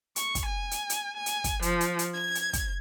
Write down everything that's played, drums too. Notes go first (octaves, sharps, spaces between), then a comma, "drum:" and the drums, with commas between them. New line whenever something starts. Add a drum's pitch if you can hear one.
C#6, drum: hi-hat
drum: kick, hi-hat
G#5
drum: hi-hat
drum: hi-hat
G#5
drum: hi-hat
drum: kick, hi-hat
F3, drum: hi-hat
drum: hi-hat
drum: hi-hat
G#6
drum: hi-hat
drum: kick, hi-hat